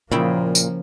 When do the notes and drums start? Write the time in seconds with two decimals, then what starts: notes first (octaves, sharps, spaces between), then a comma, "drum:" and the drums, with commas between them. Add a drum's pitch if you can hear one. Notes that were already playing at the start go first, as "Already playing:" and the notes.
0.11 A#2 C#3 F3 A#3 E4 G5
0.55 drum: tambourine